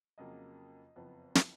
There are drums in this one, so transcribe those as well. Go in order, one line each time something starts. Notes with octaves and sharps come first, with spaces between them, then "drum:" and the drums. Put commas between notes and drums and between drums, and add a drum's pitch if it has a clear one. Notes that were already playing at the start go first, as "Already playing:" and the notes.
F2 C#3 F#3 A#3 D#5
F#1 F2 F3 B3
drum: snare